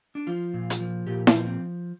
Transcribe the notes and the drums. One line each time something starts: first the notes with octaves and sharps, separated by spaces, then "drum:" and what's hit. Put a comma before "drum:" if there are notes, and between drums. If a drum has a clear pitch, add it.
D4
F3 F4
A#2
drum: hi-hat
F3
A#2 G4
F4, drum: snare E4
F3
C4